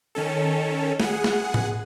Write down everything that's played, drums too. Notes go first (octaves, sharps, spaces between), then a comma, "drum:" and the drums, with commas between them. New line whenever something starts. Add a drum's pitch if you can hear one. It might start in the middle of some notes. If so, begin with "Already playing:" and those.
D#3 C#4 A4
G#4 F#5, drum: snare
drum: snare
drum: tom A2